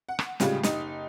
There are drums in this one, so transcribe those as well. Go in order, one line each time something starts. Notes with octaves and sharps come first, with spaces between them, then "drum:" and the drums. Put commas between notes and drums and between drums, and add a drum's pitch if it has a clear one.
F#5
drum: rim click
A2 C#3 G3 G#3 F4 G4, drum: snare
F#1 D#4 G4 D#6, drum: snare